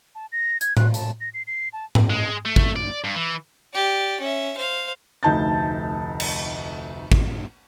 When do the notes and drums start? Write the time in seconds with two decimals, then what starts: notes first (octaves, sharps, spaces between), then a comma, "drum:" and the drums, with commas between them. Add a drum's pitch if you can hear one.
0.15 A5
0.32 A#6
0.61 G#6, drum: hi-hat
0.77 F#6, drum: tom A2
0.94 A5, drum: hi-hat
1.21 A#6
1.34 C7
1.47 C7
1.73 A5
1.95 drum: tom G#2
2.10 G#3
2.45 A3
2.56 drum: kick
2.76 D5
3.04 G2
3.16 E3
3.73 G4 D5
4.21 C#4 E5
4.57 C5 F5
5.23 F1 D2 D#4 A5 G6 A6
6.20 drum: cymbal
7.12 drum: kick